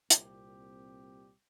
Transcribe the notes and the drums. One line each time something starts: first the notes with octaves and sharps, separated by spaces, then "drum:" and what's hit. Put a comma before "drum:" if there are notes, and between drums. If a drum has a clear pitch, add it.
C2 A#2 G3 C4 G4, drum: hi-hat